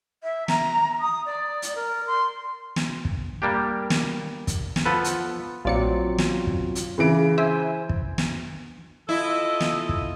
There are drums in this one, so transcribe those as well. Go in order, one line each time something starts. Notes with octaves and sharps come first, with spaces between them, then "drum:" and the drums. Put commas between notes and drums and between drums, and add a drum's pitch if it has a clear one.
E5
A#5, drum: snare
D#6
D5
drum: hi-hat
A#4
C6
drum: snare
drum: kick
G3 A#3 D4 G4
drum: snare
drum: kick, hi-hat
drum: snare
F3 B3 A4 B4
drum: hi-hat
A#1 F#3 C4 F4 D5 C#7
drum: snare
drum: kick
drum: hi-hat
C#3 E3 D7
C5 E5 G#5
drum: kick
drum: snare
E4 F4 A4 D#5
drum: snare
drum: kick